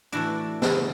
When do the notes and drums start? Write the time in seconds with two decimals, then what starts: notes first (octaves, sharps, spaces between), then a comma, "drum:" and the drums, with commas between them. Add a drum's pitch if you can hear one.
0.12 A2 E3 A3 D4 F#4
0.62 F#2 C#3 E3, drum: snare